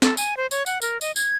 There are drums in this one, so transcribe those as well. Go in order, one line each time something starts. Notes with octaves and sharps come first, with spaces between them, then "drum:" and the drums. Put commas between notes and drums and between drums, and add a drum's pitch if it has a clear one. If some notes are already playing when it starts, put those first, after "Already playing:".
A4, drum: snare
G#5, drum: tambourine
C5
C#5, drum: tambourine
F#5, drum: tambourine
A#4, drum: tambourine
D#5, drum: tambourine
G#6, drum: tambourine